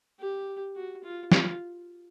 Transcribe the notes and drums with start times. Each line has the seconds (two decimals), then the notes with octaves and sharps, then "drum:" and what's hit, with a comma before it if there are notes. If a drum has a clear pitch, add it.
0.20 G4
0.76 F#4
1.04 F4
1.32 F4, drum: snare